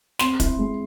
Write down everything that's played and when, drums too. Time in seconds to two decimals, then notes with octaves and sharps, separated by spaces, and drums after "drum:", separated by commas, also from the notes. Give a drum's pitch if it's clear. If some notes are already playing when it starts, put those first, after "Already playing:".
0.19 C4 C6, drum: snare
0.40 E4, drum: kick, hi-hat
0.59 G#3